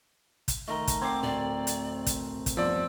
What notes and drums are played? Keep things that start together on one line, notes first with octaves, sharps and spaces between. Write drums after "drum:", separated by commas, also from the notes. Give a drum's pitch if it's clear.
drum: kick, hi-hat
D#3 A3 A#4 D#5 C6
drum: kick, hi-hat
C4 D6 G#6 C7
D1 D5 G5
drum: hi-hat
drum: kick, hi-hat
drum: kick, hi-hat
E2 G2 F3 D5 E6